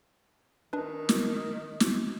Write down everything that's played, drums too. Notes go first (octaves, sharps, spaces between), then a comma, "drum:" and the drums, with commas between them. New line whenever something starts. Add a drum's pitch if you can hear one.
D#3 D4 B4
drum: snare
drum: snare